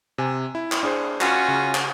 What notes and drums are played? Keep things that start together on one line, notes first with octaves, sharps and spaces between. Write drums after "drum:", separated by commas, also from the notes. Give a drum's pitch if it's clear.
C3 G#5
E4
drum: clap
D4 G#4 C5
C#4 F4 F#4, drum: clap
C#3
drum: clap